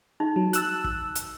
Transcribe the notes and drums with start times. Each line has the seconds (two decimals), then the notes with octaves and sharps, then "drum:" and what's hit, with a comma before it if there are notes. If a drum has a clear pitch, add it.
0.20 D#4
0.36 F#3
0.53 A5 E6 F#6, drum: hi-hat
0.84 drum: kick
1.15 drum: hi-hat